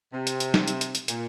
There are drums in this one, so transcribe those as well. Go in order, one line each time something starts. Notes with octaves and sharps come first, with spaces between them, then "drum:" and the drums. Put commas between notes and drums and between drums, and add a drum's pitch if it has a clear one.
C3
drum: hi-hat
drum: hi-hat
drum: snare
drum: hi-hat
drum: hi-hat
drum: hi-hat
A#2, drum: hi-hat